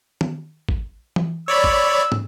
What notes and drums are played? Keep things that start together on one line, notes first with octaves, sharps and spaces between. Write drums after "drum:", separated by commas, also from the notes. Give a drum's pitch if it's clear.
drum: tom D#3
drum: kick
drum: tom E3
C#5 D5 B5 E6
drum: kick
drum: tom